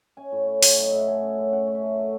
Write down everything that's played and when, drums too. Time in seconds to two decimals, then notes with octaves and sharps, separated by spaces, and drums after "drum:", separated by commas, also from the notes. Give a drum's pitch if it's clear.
0.17 C#4 G#5
0.32 A2
0.47 C#4
0.63 A2 F#5, drum: open hi-hat
0.78 F#3 D#5
0.91 A2 E5
0.99 F#5
1.08 A3 G#5
1.23 C#4
1.38 F#2
1.52 F#2 F#5
1.67 C#4
1.75 E5
1.82 A3
1.98 A3